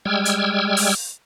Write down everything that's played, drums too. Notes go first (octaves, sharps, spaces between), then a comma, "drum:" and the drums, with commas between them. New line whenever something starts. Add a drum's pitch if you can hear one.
G3 G#3 G5 E6 F6 G#6
drum: hi-hat
drum: open hi-hat